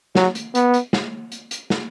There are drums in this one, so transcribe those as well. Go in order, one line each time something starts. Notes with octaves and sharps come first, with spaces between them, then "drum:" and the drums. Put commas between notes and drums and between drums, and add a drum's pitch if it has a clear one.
F#3, drum: snare
drum: hi-hat
B3, drum: hi-hat
drum: hi-hat
drum: snare
drum: hi-hat
drum: hi-hat
drum: snare